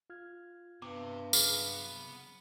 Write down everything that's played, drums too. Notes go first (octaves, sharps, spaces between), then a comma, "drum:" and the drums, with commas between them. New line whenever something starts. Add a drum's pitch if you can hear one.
F4 F6 G#6
G2 C3 B3 D6
C2 C#3 F#3 B3 G#4 D6 F6, drum: tambourine